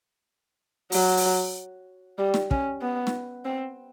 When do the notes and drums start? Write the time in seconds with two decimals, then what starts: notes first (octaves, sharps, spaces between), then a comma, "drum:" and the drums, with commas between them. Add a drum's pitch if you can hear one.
0.92 F#3, drum: open hi-hat
1.17 drum: open hi-hat
2.18 G3
2.34 drum: snare
2.51 C#4, drum: kick
2.82 B3
3.07 drum: snare
3.45 C4